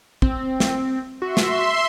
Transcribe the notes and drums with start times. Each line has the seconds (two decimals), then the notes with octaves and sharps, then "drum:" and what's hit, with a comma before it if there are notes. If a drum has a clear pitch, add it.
0.22 C4, drum: kick
0.60 drum: snare
1.22 F#4 E5 C6
1.37 drum: snare